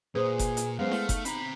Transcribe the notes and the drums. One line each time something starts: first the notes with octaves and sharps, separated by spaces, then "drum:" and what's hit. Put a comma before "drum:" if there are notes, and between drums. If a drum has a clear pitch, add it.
A#2 G#4 B4 C5
drum: kick F#1, hi-hat
drum: hi-hat
F#2 G#3 B3 C5 F5
A3, drum: snare E4
D#4, drum: kick F#1, hi-hat
C4 A#5 B5, drum: hi-hat